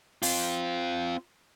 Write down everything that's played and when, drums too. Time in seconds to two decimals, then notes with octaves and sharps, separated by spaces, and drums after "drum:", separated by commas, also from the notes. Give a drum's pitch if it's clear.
0.22 C4 F4, drum: open hi-hat